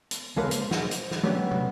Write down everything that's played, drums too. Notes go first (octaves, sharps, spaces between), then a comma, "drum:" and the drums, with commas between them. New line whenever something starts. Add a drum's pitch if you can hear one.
drum: hi-hat
C#2 G#3 A#3 A4 B4 F5
C5, drum: hi-hat
drum: snare
drum: hi-hat
drum: snare
F#3 A3 B3 C#4 D4 G4
drum: tom